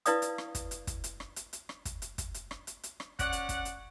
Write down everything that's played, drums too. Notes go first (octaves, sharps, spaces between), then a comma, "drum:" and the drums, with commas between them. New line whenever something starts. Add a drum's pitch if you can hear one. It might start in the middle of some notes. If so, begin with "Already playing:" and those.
E4 B4 D5 F5 D#6, drum: hi-hat
drum: hi-hat
drum: rim click
drum: kick, hi-hat
drum: hi-hat
drum: kick, hi-hat
drum: hi-hat
drum: rim click
drum: hi-hat
drum: hi-hat
drum: rim click
drum: kick, hi-hat
drum: hi-hat
drum: kick, hi-hat
drum: hi-hat
drum: rim click
drum: hi-hat
drum: hi-hat
drum: rim click
C#4 D5 F#5, drum: kick, hi-hat
drum: hi-hat
drum: kick, hi-hat
drum: hi-hat